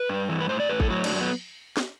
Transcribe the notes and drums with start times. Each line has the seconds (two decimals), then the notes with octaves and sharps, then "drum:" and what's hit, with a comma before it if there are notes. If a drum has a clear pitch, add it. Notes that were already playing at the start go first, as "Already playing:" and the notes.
Already playing: B4
0.09 G2
0.29 E3
0.40 B4
0.49 A2 C5
0.60 D5
0.69 A2 B4
0.80 A4, drum: kick G#1
0.90 F#3 F#4
1.04 D4, drum: cymbal
1.11 F#2
1.20 B3
1.77 drum: snare